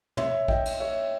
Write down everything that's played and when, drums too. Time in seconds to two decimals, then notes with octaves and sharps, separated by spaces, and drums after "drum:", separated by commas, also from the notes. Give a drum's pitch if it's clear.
0.17 C#5 E5, drum: tom
0.48 D#5 G5, drum: kick A#1
0.65 drum: cymbal
0.80 C#5 E5